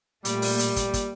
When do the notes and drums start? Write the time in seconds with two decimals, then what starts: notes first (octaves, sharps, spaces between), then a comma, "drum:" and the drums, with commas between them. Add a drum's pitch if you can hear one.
0.25 A#2 G3 A3, drum: hi-hat
0.42 drum: open hi-hat
0.59 drum: hi-hat
0.76 drum: kick, hi-hat
0.94 drum: kick, hi-hat